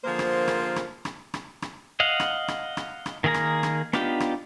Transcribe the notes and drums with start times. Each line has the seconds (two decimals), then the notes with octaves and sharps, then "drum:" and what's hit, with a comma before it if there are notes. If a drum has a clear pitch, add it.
0.05 D3 F3 A#3 G#4 A#4 C5
0.19 drum: rim click
0.48 drum: rim click
0.76 drum: rim click
1.05 drum: rim click
1.34 drum: rim click
1.62 drum: rim click
2.00 D#5 F5 F#5
2.20 drum: rim click
2.48 drum: rim click
2.77 drum: rim click
3.06 drum: rim click
3.24 D#3 A#3 G#4 A#4 A#5
3.34 drum: rim click
3.63 drum: rim click
3.93 B3 D4 D#4 F4 G4, drum: rim click
4.20 drum: rim click